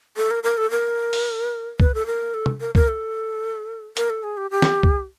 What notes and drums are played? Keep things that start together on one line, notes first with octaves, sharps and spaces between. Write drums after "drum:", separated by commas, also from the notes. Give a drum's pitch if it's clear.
A4
A#4
A#4
A4
A#4
drum: open hi-hat
B4, drum: kick
A4
A#4
A4
drum: tom
A#4
A#4, drum: kick
A4
A#4, drum: hi-hat
A4
G#4
G4
G4
drum: snare
drum: kick